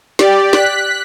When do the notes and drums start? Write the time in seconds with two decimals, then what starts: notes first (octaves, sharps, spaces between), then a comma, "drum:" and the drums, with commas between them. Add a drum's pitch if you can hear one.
0.19 G4 D5, drum: snare
0.53 F#6 B6, drum: snare